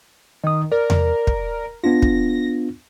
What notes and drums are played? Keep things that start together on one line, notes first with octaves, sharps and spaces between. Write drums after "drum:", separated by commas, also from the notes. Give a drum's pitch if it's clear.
D#3 D#5 D#6
A#4 D5
drum: tom E2
drum: kick
B3 D4 F4 A#6
drum: kick